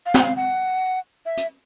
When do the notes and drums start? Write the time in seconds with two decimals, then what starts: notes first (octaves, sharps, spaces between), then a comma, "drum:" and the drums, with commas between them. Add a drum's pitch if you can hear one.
0.06 F5
0.14 F#5, drum: snare
0.24 F5
0.36 F#5
1.26 E5
1.37 drum: hi-hat